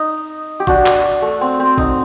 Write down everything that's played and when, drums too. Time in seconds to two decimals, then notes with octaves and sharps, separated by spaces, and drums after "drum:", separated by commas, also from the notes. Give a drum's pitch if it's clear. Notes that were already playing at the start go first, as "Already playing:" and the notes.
Already playing: D#4
0.60 G4
0.67 D4 F#4, drum: kick
0.86 drum: clap
1.22 A3
1.41 C4
1.60 C4
1.78 D#4, drum: kick